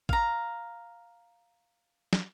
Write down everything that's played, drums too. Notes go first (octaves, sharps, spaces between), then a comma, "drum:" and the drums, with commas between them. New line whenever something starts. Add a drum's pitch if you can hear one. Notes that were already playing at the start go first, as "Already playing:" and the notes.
F5 A#5, drum: kick
drum: snare